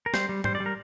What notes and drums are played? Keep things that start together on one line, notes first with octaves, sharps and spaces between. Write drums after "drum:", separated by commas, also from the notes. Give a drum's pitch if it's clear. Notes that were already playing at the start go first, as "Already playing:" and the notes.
A#4
G3 C5, drum: snare
G3
G3 C5, drum: tom
D5
G3
A#4